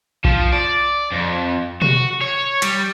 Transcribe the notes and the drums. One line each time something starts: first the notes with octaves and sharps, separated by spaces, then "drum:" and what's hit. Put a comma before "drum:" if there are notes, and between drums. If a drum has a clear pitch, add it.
F3, drum: kick A#1
D5
F2
F#4, drum: tom B2
C#5
G3, drum: hi-hat